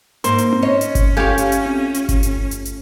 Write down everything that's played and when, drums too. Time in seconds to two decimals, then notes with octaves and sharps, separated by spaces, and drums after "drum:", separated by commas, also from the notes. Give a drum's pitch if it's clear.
0.24 G#2 A#3 C5, drum: hi-hat
0.38 drum: hi-hat
0.53 drum: tom C4
0.62 C#4 C#5 D#5
0.81 drum: hi-hat
0.95 drum: kick G1, hi-hat
1.17 A3 F4 G4 A4 C#5 F5 G#5
1.38 drum: hi-hat
1.52 drum: hi-hat
1.66 drum: tom C4
1.94 drum: hi-hat
2.09 drum: kick G1, hi-hat
2.23 drum: hi-hat
2.51 drum: hi-hat
2.65 drum: hi-hat